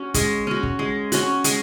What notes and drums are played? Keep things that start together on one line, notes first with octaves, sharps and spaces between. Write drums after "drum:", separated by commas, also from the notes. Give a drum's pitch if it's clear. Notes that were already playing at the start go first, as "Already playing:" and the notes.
Already playing: C#4 F#4
G#3, drum: kick, hi-hat
C#4 F#4
drum: kick
G#3
C#4 F#4, drum: hi-hat
G#3, drum: hi-hat